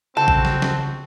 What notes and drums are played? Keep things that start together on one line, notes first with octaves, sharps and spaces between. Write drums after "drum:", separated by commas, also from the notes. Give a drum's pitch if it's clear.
C#3 C4 F#4 A4 A5
drum: kick A1
drum: snare
drum: snare